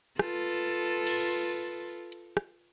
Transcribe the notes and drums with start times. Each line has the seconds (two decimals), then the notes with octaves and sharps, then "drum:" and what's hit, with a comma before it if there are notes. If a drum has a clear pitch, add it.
0.19 F4 A4 B4, drum: rim click
1.07 drum: cymbal
2.12 drum: hi-hat
2.37 drum: rim click